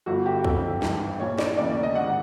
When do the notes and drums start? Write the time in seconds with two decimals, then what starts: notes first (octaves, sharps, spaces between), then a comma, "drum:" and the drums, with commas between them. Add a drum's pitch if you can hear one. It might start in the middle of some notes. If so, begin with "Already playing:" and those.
0.06 G1 G2 D3 F#4
0.26 G4
0.44 F#1 F2 D3, drum: kick
0.82 G#1 G2 E3, drum: snare
1.20 A#1 A#2 C#5
1.38 D5, drum: snare
1.57 F1 D#2 C#3 E3 D5
1.70 D5
1.83 D#5
1.95 A1 G#2 D#3 F#5